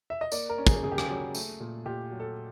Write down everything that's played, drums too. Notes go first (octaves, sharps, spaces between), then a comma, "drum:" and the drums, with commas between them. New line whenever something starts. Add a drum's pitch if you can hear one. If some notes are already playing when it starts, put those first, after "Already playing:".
E5
D#5
A#3 D5, drum: tambourine
A#4
C#4
G#4, drum: kick, tambourine
C#3 G#4
G4
G#4, drum: rim click
F#3
A3, drum: tambourine
A#2
A#2 G4
F#3
A4